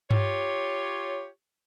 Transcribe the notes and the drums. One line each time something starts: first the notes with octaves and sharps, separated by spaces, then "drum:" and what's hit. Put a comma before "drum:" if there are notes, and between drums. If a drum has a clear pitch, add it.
F4 G4 C#5, drum: tom G2